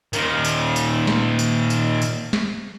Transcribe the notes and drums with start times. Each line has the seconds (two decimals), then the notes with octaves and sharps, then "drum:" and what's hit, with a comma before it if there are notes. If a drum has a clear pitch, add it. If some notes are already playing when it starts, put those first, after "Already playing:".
0.13 A#2 D#3, drum: tambourine
0.45 drum: tambourine
0.76 drum: tambourine
1.07 drum: snare
1.39 drum: tambourine
1.70 drum: tambourine
2.02 drum: tambourine
2.33 drum: snare